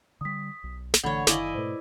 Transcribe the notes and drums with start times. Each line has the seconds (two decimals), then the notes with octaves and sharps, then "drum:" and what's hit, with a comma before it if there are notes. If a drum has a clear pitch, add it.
0.21 D3 G3 D#6 B6
0.64 B1
0.94 drum: snare
1.03 A1 D3 E3 A3 C#5 F#5 B5 G#6
1.27 F#1 D#3 E4 D5 D#5 F5 G#5 D6, drum: snare
1.54 G#2 B2 A3 A4 B4 C5